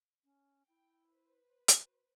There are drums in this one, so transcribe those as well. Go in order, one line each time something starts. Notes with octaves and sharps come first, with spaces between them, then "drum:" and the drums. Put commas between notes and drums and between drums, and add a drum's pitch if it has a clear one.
C#4
E4 G5
B4 C5
drum: hi-hat
F#4